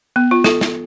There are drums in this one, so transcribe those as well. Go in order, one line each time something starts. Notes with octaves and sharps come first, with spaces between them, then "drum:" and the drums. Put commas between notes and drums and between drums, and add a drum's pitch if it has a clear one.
B3
F4
A4, drum: snare
drum: snare